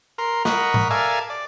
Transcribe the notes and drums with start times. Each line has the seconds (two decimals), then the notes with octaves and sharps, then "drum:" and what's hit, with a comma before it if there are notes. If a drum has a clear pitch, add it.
0.18 A#4 C6
0.45 A#4 D#5 F#5 B5 C#6, drum: snare
0.74 drum: tom G#2
0.90 A4 A#4 D5 E5 F5 G#5
1.30 D5